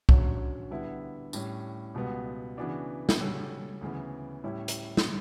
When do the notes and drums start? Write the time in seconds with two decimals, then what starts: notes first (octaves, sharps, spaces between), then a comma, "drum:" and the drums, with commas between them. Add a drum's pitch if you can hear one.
0.09 D2 D3 F#3 C#4, drum: kick B1
0.70 D3 G3 B3 E4
1.33 A2 G3 C#4, drum: tambourine
1.94 C#2 B2 G3 B3
2.57 C#3 E3 B3 D4 F#4
3.09 drum: snare
3.19 C#3 G3 C#4 F#4 A4
3.81 D2 C#3 E3 B3
4.44 A2 G3 C#4 E4
4.68 drum: hi-hat
4.97 drum: snare